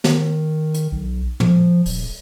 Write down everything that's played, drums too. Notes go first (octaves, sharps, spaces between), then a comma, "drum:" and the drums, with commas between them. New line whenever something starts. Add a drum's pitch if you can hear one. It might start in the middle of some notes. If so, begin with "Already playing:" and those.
D#3, drum: snare
drum: hi-hat
B1
F3, drum: tom
D#1, drum: open hi-hat